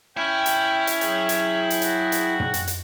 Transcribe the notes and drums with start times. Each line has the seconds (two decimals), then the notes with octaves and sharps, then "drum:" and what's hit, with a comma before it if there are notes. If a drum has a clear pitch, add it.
0.17 C#4 E4 G5
0.46 drum: hi-hat
0.87 drum: hi-hat
1.01 F#3 G#4 G5, drum: hi-hat
1.29 drum: hi-hat
1.70 drum: hi-hat
1.82 F#4, drum: hi-hat
2.12 drum: hi-hat
2.40 drum: tom
2.54 drum: hi-hat
2.67 drum: hi-hat